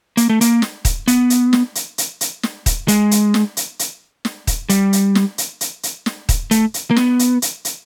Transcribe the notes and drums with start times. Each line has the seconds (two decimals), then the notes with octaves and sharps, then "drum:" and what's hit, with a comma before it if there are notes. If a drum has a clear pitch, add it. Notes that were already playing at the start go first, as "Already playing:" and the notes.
0.17 A#3, drum: hi-hat
0.29 A3
0.41 A#3, drum: hi-hat
0.62 drum: snare
0.85 drum: kick D#1, hi-hat
1.08 B3, drum: hi-hat
1.30 drum: hi-hat
1.53 drum: snare
1.75 drum: hi-hat
1.98 drum: hi-hat
2.21 drum: hi-hat
2.43 drum: snare
2.66 drum: kick D#1, hi-hat
2.88 G#3, drum: hi-hat
3.11 drum: hi-hat
3.34 drum: snare
3.57 drum: hi-hat
3.79 drum: hi-hat
4.25 drum: snare
4.47 drum: kick D#1, hi-hat
4.69 G3, drum: hi-hat
4.93 drum: hi-hat
5.15 drum: snare
5.38 drum: hi-hat
5.61 drum: hi-hat
5.83 drum: hi-hat
6.06 drum: snare
6.29 drum: kick D#1, hi-hat
6.51 A3, drum: hi-hat
6.74 drum: hi-hat
6.91 A#3
6.96 B3, drum: snare
7.19 drum: hi-hat
7.42 drum: hi-hat
7.65 drum: hi-hat